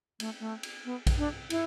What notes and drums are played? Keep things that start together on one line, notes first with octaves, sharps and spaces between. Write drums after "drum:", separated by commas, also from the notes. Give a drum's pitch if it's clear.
A3, drum: cymbal
A3
drum: cymbal
B3
drum: kick A#1, cymbal
D4
E4, drum: cymbal